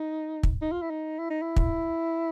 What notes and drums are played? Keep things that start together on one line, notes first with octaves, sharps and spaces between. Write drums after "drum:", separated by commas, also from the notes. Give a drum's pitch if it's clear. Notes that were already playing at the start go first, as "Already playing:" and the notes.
Already playing: D#4
drum: kick
D#4
F4
E4
D#4
E4
D#4
E4
drum: kick